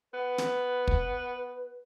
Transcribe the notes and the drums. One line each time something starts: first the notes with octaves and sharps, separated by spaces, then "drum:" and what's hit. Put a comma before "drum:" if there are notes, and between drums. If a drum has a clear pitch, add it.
B3 B4
drum: snare
drum: kick